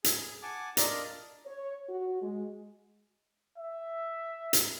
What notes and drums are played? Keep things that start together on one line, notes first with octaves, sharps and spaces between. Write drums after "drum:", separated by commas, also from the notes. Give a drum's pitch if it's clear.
G#4, drum: hi-hat
F#5 G#5 A5 D6
D4 F4 A#4 D5 D#5 A#5, drum: hi-hat
C#5
F#4
G#3
E5
drum: hi-hat